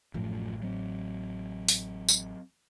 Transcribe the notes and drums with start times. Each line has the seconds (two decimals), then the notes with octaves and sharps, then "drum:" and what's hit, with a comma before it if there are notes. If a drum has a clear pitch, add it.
0.14 A1 F#2 F3 A3
0.62 F#3 C4
1.68 drum: open hi-hat
2.09 drum: tambourine